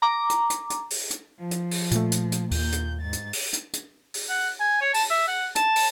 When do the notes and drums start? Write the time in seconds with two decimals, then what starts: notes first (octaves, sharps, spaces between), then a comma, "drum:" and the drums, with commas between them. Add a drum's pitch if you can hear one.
0.02 A#5 D6
0.30 drum: hi-hat
0.50 drum: hi-hat
0.70 drum: hi-hat
0.90 drum: open hi-hat
1.11 drum: hi-hat
1.39 F3
1.51 drum: hi-hat
1.71 drum: open hi-hat
1.91 A#2 A3, drum: hi-hat
2.12 drum: hi-hat
2.32 drum: hi-hat
2.51 D#2 A#2 G6, drum: open hi-hat
2.72 drum: hi-hat
3.00 G#2 A6
3.13 drum: hi-hat
3.33 drum: open hi-hat
3.53 drum: hi-hat
3.73 drum: hi-hat
4.14 drum: open hi-hat
4.29 F#5
4.60 G#5
4.81 C#5
4.94 A5, drum: open hi-hat
5.10 E5
5.28 F#5
5.56 A5, drum: hi-hat
5.76 drum: open hi-hat